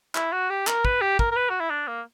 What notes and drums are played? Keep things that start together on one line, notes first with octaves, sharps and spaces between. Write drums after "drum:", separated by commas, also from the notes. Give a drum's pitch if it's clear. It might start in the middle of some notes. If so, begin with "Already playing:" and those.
E4, drum: clap
F#4
G4
A#4, drum: clap
B4, drum: kick
G4
A#4, drum: kick
A#4
B4
F#4
E4
D4
A#3